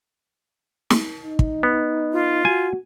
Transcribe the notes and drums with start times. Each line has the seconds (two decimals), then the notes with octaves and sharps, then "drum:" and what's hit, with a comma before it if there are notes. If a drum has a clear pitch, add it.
0.90 drum: snare
1.23 D#4
1.39 drum: kick
1.63 B3
2.13 F4
2.45 F#4 G#5